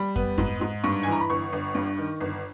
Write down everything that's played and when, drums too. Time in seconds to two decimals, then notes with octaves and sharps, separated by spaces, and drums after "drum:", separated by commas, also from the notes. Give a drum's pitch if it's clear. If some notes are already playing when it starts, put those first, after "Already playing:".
Already playing: G3 B5
0.16 B3, drum: kick
0.38 G#2, drum: kick
0.61 G#2
0.84 G2 C#6
1.03 G#5
1.07 E3
1.12 A#5
1.21 B5
1.29 G1 C#6
1.53 G1
1.75 G2
1.98 D#3
2.20 G1